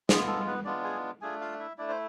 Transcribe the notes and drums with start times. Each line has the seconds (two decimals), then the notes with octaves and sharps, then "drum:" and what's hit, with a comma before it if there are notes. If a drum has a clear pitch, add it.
0.09 G#3 B3 F4 G#4, drum: snare
0.27 A4
0.46 B3 B4
0.65 G#3 B3 D4 F4 D5
0.84 G#4 G#5
1.21 A3 D4 F4 G#4 G#5
1.41 F4 F5
1.59 E4 E5
1.78 A3 D4 E4 D5
1.89 C5